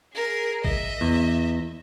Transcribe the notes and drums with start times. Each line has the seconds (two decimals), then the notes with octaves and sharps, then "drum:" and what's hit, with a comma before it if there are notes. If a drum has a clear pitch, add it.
0.13 G#4 A#4
0.64 D#5 E5, drum: kick A1
1.01 E2